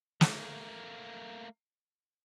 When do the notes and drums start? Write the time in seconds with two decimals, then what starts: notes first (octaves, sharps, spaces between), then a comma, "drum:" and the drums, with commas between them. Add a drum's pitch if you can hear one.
0.21 A3 A#3, drum: snare